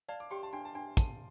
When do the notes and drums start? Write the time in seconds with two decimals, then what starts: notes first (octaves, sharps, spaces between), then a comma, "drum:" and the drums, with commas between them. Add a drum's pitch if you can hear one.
0.09 D5 F5 A5
0.20 D6
0.31 G4 G5 C6
0.43 A5
0.53 D4 G5 C6
0.65 A5
0.75 D4 G5 C6
0.97 A5, drum: kick, hi-hat